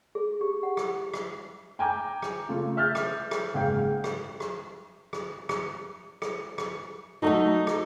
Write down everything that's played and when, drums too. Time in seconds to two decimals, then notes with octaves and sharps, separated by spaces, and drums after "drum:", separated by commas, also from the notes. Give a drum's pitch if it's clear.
0.15 G#4
0.41 G4
0.63 F#5
0.77 drum: rim click
1.14 drum: rim click
1.79 G5 G#5 A#5 D6 G6
2.22 drum: rim click
2.49 C#3 A3 F4
2.77 E5 F6 G6 A6
2.95 drum: rim click
3.31 drum: rim click
3.54 F#1 G#2 G#4 F5 G5 G6
4.04 drum: rim click
4.40 drum: rim click
5.13 drum: rim click
5.49 drum: rim click
6.22 drum: rim click
6.58 drum: rim click
7.22 F#3 G#3 A3 D#4 F#4 A4 C#6
7.67 drum: rim click